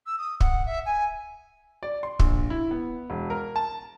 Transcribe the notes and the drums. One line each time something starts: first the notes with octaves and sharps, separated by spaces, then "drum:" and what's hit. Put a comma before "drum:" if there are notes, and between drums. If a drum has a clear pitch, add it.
E6
D#6
F#5, drum: kick
E5
G#5
D5
C6
A#1, drum: kick
E4
B3
E1
A#4
A5